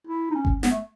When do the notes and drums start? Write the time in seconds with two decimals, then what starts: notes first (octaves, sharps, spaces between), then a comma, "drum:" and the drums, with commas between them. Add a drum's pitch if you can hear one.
0.07 E4
0.31 D#4
0.35 C#4
0.45 drum: kick G1
0.63 B3, drum: snare
0.71 A3